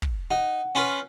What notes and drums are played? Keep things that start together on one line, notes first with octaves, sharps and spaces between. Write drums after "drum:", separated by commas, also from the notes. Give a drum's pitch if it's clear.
drum: kick
D#4 F#5
C#4 F4 B4